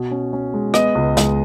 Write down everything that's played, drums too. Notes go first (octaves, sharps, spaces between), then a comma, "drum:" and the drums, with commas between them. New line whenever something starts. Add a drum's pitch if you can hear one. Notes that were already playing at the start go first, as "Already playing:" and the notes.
Already playing: B2
C#4
C#4
G#3
B3 D#5, drum: rim click
C#2
G#3, drum: snare